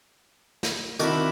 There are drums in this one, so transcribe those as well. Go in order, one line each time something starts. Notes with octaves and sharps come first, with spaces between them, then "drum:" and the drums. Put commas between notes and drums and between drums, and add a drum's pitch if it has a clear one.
drum: snare
D#3 C4 D4 E4 F#4, drum: hi-hat